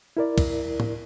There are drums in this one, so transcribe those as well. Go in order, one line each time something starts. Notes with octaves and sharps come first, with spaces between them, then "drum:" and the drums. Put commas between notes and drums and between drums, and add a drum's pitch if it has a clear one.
E4 A#4 D5
drum: kick, cymbal
drum: tom A2